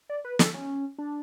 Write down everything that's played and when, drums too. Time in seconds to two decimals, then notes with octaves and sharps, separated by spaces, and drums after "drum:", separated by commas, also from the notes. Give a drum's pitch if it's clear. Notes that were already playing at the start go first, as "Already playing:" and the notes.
0.09 D5
0.25 B4
0.39 A4, drum: snare
0.54 C#4
0.98 D4